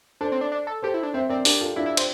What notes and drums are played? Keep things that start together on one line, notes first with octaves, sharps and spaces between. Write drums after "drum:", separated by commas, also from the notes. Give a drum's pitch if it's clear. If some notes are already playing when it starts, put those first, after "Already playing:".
D4 A4 C5
C4
D4
D4
A4
G4 A4 C5
E4
D4
C4 C5 E5
C4 A#4 D5
D4 G4 A#4, drum: open hi-hat
F4 A4
D4 E4 F4
E4
C4, drum: cymbal